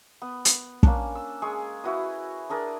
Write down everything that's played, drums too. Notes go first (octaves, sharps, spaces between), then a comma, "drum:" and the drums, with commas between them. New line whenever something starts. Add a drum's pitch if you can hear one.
B3
drum: hi-hat
A#3 C#4 D4, drum: kick
E6
G#3 G#4 C#6 E6
E4 F#4 B4 D#5
D4 G#4 A#4 D5